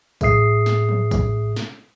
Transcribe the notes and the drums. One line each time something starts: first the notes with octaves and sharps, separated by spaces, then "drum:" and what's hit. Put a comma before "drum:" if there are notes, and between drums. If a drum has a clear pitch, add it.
A2 G#4 E5 D#6 C7, drum: kick A1, tambourine
drum: snare
drum: tom E3
drum: kick A1, tambourine
drum: snare